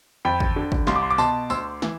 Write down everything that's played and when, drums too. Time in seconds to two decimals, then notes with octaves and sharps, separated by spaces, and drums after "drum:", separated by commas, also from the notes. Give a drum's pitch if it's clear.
0.25 F2 G5 B5
0.40 drum: kick
0.56 D3
0.72 drum: kick
0.87 C2 C6, drum: snare
0.96 D6
1.02 C6
1.11 D6
1.18 B2 A5 C6, drum: tambourine
1.50 D2 C6 E6, drum: tambourine
1.82 E3, drum: snare